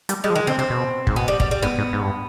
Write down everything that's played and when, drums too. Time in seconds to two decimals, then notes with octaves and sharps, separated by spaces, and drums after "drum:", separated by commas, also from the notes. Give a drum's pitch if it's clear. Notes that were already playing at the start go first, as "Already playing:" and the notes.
0.09 G3, drum: hi-hat
0.24 G3 G#3
0.30 F3
0.35 D#3 G#3
0.47 D3 C4
0.58 C3 C4
0.70 B2
1.07 G#2, drum: kick
1.16 B2 B3
1.28 G3
1.40 G3, drum: kick
1.51 G3
1.62 G#2 B3
1.78 G#2
1.93 G#2
2.02 G2